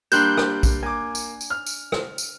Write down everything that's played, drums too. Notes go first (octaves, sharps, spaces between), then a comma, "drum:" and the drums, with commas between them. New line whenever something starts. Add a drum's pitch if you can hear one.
G3 A#3 D4 G4 C6 F#6 G6 E7, drum: tambourine
drum: rim click
drum: kick, tambourine
A#3 G#5 D6
drum: tambourine
drum: tambourine
F6
drum: tambourine
drum: rim click
drum: tambourine